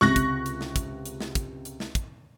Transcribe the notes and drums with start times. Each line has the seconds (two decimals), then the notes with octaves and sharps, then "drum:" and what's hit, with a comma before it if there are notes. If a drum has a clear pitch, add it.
0.01 C#2 C3 C#6 F#6 A#6, drum: snare
0.16 drum: kick, hi-hat
0.46 drum: hi-hat
0.61 drum: snare
0.76 drum: kick, hi-hat
1.06 drum: hi-hat
1.20 drum: snare
1.35 drum: kick, hi-hat
1.65 drum: hi-hat
1.80 drum: snare
1.95 drum: kick, hi-hat